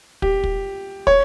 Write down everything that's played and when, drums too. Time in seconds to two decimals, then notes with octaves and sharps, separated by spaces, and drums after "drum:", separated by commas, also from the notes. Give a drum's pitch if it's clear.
0.22 G4, drum: kick
0.44 drum: kick
1.07 C#5, drum: kick